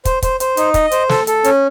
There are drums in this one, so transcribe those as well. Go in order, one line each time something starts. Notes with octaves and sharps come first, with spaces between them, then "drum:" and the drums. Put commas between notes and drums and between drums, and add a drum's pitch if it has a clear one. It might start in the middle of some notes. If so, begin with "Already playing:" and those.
C5, drum: kick, hi-hat
C5, drum: kick, hi-hat
C5, drum: hi-hat
D#4, drum: hi-hat
D#5, drum: kick, hi-hat
C5, drum: hi-hat
A4, drum: snare
A4, drum: hi-hat
C#4, drum: hi-hat